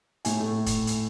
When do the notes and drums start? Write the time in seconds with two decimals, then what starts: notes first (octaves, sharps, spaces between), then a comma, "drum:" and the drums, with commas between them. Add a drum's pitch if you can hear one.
0.25 A2 G#5, drum: hi-hat
0.40 A3
0.66 drum: kick, hi-hat
0.87 drum: hi-hat